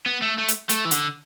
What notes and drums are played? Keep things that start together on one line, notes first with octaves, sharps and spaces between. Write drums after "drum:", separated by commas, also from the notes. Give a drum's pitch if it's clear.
B3
A3
A3
drum: hi-hat
A3, drum: hi-hat
E3
D3, drum: hi-hat